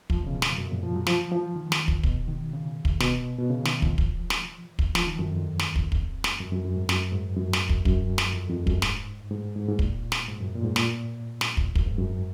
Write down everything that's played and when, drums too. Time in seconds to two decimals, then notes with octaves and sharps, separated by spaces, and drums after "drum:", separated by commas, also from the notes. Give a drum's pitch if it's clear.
0.10 F3, drum: kick
0.23 B2
0.27 C#3
0.42 F2, drum: snare
0.58 F#2
0.71 A#2
0.83 F3
0.96 F#3
1.07 F3, drum: snare
1.32 F3
1.56 D#3
1.72 drum: snare
1.88 drum: kick
2.03 B2, drum: kick
2.28 D#3
2.53 C#3
2.85 drum: kick
3.00 B2, drum: snare
3.39 B2
3.50 C#3
3.65 D#3, drum: snare
3.82 F3, drum: kick
3.98 drum: kick
4.30 drum: snare
4.79 drum: kick
4.95 F3, drum: snare
5.07 D#3
5.19 F#2
5.32 F2
5.59 drum: snare
5.76 drum: kick
5.92 drum: kick
6.24 drum: snare
6.40 F#2
6.52 F#2
6.64 F#2
6.76 G#2
6.89 F#2, drum: snare
7.12 G#2
7.37 F#2
7.53 drum: snare
7.69 drum: kick
7.85 F#2, drum: kick
8.18 drum: snare
8.33 F2
8.50 F2
8.67 F#2, drum: kick
8.82 G#2, drum: snare
9.31 G#2
9.56 G#2
9.69 G#2
9.79 A#2, drum: kick
10.12 drum: snare
10.28 G#2
10.41 F#2
10.55 A#2
10.64 G#2
10.76 A#2, drum: snare
11.41 drum: snare
11.57 drum: kick
11.75 F#2, drum: kick
11.86 G#2
11.98 F#2